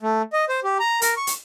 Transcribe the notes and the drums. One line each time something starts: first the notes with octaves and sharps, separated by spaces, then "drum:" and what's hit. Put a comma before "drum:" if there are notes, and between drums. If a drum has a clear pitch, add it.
A3
D#5
C5
G4
A#5
A#4, drum: hi-hat
C#6
drum: hi-hat